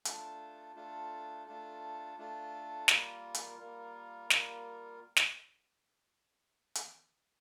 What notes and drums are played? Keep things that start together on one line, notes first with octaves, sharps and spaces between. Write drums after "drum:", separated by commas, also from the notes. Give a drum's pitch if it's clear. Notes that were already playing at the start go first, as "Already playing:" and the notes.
A3 D4 F4 A4, drum: hi-hat
A3 D4 F4 A4
A3 D4 F4 A4
A3 D4 F4 A4
G3 A#3 F4 A#4, drum: snare
drum: hi-hat
G3 A#3 F4 A#4
G3 A#3 F4 A#4, drum: snare
drum: snare
drum: hi-hat